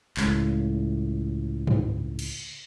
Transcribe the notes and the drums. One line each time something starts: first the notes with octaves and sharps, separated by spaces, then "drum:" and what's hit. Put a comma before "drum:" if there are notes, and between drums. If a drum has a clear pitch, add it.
C#2 A2, drum: clap
drum: tom G2
drum: cymbal